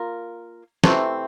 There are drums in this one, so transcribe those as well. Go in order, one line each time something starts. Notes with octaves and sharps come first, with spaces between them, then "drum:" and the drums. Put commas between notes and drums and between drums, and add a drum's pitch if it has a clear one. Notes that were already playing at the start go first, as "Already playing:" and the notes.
Already playing: A#3 F4 A#4
C3 E3 A3 C4, drum: snare